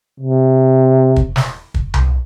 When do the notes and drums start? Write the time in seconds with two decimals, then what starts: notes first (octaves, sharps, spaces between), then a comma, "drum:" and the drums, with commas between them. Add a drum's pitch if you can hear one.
0.20 C3
1.16 drum: kick
1.36 drum: snare
1.74 drum: kick
1.94 drum: tom C2